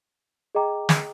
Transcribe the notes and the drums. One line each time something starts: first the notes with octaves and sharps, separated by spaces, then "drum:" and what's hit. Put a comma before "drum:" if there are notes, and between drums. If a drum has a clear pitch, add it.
G#4 D#5 G5 A#5 D6
drum: snare